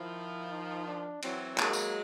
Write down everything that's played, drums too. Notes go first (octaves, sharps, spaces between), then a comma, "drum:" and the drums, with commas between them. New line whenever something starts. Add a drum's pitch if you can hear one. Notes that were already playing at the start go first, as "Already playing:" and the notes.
Already playing: D#3 F3 E4
D#4
D4
E3 F#3 C4, drum: cymbal
F#3 G#3 A#3, drum: clap
drum: tambourine